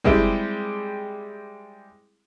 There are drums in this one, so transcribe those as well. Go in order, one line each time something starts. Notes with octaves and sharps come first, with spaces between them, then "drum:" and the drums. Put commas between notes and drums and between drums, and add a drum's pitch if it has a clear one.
G3 G#3 C4 E4 G4, drum: kick